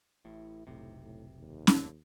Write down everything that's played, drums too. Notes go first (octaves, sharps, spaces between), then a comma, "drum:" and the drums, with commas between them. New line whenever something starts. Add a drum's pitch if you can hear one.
A1 A2 E4
F1 B1 A2 C3
A2
D#2
drum: snare C#4